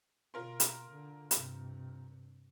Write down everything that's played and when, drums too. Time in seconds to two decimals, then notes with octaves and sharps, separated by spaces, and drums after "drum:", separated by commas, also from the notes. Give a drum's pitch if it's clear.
0.34 B2 F4 A#4 C6
0.60 drum: hi-hat
0.89 D3
1.31 G2 C3, drum: hi-hat